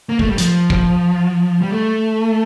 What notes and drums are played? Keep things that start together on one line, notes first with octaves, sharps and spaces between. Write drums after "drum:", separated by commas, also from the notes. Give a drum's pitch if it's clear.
A#3
A3, drum: kick
G3
F3, drum: hi-hat
drum: kick
G3
A3